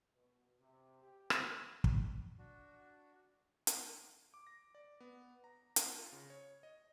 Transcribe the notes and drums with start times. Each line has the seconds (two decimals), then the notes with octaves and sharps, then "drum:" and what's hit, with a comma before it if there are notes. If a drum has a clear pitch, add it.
0.15 B2
0.60 C3
1.03 G4
1.30 drum: rim click
1.84 drum: kick
2.38 D4 F#4
3.67 drum: hi-hat
4.34 D6
4.47 A#6
4.75 D5
5.00 B3
5.44 A#5
5.76 drum: hi-hat
5.99 F4
6.12 C#3
6.30 C#5
6.63 D#5